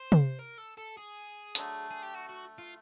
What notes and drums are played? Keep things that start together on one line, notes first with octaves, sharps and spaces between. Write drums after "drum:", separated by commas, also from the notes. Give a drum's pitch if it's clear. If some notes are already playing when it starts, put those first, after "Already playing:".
Already playing: C5
drum: tom
A#4
A4
A4
G#4
D3 F#3 A3, drum: hi-hat
G#4
G4
F#4
F#4
F4